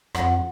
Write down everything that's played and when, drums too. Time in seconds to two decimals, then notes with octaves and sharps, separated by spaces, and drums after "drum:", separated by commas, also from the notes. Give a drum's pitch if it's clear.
0.15 F2 F#5, drum: rim click